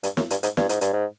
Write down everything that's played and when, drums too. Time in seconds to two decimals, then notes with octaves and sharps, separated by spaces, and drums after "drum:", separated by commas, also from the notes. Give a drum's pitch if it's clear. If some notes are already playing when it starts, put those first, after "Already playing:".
0.03 G2, drum: hi-hat
0.17 F#2, drum: snare
0.30 G2, drum: hi-hat
0.43 G#2, drum: hi-hat
0.57 G2, drum: snare
0.69 G#2, drum: hi-hat
0.81 G2, drum: hi-hat
0.93 G#2